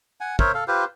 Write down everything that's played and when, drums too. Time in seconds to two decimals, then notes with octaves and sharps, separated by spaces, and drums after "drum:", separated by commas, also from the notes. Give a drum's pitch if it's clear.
0.20 F#5 G#5
0.39 A#4 C5 C#5 E5, drum: kick
0.54 A4 F5
0.68 F4 G4 B4 C5